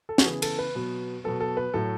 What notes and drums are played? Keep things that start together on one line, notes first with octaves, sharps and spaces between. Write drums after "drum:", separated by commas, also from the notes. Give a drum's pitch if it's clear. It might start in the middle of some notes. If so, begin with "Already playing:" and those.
A4
F#4, drum: snare
C#3 E3 B3 G#4
A4, drum: cymbal
B4
B2 F#3 B3
B2 F#3 B3 A4
A4
B4
A2 F#3 A3 A4